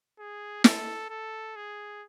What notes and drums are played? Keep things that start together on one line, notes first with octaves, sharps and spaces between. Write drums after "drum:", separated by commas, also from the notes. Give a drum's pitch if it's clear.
G#4
A4, drum: snare
A4
G#4